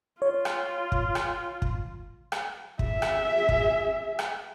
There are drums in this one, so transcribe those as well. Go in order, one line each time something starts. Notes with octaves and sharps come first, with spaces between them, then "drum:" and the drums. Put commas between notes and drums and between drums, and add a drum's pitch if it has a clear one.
F4 C#5
drum: rim click
drum: kick
drum: rim click
drum: kick
drum: rim click
G#4 E5, drum: kick
drum: rim click
drum: kick
drum: rim click